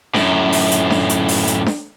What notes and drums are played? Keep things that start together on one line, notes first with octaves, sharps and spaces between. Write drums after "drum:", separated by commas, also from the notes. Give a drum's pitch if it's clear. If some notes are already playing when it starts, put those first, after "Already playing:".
F#2 A2, drum: snare D4
drum: open hi-hat
drum: hi-hat
drum: snare D4
drum: hi-hat
drum: open hi-hat
drum: hi-hat
drum: snare D4